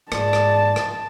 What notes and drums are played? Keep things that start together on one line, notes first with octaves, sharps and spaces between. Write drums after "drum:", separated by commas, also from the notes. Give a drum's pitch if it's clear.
G#2 G#4 D5 A5, drum: rim click
drum: rim click
drum: rim click